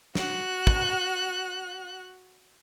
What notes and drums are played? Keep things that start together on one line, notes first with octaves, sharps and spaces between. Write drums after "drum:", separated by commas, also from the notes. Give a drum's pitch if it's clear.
F#4 F#6, drum: snare
drum: kick